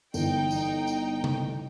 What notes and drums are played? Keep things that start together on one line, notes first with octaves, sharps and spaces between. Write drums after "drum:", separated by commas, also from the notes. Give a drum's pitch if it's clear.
G1 E3 D#4 G5, drum: tambourine
drum: tambourine
drum: tambourine
drum: tom C3